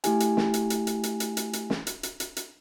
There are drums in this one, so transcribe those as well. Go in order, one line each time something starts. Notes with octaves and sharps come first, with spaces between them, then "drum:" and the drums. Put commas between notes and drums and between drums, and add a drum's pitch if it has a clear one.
A3 E4 G4 G#5, drum: hi-hat
drum: hi-hat
drum: snare
drum: hi-hat
drum: hi-hat
drum: hi-hat
drum: hi-hat
drum: hi-hat
drum: hi-hat
drum: hi-hat
drum: snare
drum: hi-hat
drum: hi-hat
drum: hi-hat
drum: hi-hat